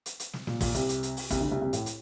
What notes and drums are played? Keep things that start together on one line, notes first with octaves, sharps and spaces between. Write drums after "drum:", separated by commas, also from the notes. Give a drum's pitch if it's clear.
drum: hi-hat
drum: hi-hat
drum: snare
A#2, drum: snare
A#2, drum: kick, open hi-hat
C2 C3, drum: hi-hat
drum: hi-hat
drum: hi-hat
drum: open hi-hat
C2 C3, drum: kick, hi-hat
D2 D3
C2 C3
C2 C3
A2, drum: hi-hat
drum: hi-hat